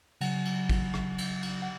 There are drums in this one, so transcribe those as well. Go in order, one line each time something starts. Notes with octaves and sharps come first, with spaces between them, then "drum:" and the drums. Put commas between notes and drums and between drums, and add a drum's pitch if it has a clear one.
C#3 F#3 F#5, drum: cymbal
drum: cymbal
drum: kick G#1, cymbal
drum: rim click
drum: cymbal
drum: cymbal
F#5